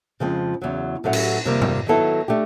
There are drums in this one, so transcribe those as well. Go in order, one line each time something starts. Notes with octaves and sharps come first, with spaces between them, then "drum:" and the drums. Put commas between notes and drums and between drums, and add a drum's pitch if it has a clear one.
F2 C#3 F3 G#3 C4
E2 C#3 F#3
A2 F#3 A3 C#4 F#4
drum: cymbal
F2 C3 D#3 G3 A#3
drum: tom G2
D#3 F#3 B3 E4 A4
A3 D4 G4